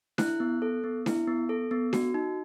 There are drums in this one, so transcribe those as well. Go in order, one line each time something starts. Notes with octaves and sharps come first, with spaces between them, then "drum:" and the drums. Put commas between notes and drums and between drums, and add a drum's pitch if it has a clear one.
E4 F#6, drum: snare D4
B3
A4
B3
E4, drum: snare D4
B3
A4
B3
F#4, drum: snare D4
D#4